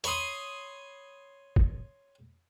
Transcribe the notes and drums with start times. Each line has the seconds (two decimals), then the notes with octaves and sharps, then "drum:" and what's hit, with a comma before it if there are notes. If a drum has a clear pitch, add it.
0.04 C#5 B5 C6 D#6, drum: hi-hat
1.56 drum: kick